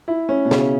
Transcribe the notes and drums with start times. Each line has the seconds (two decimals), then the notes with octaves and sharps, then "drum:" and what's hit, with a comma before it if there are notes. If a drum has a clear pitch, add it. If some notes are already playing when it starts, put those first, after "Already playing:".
0.08 E4
0.29 C#4
0.45 B2
0.51 C#3, drum: snare